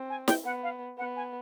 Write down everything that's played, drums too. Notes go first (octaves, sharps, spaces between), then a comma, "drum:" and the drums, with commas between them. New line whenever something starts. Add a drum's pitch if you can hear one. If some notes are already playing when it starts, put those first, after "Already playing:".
Already playing: C4
G#5
G5, drum: snare
B3 F#5
F5
B3 F#5
G#5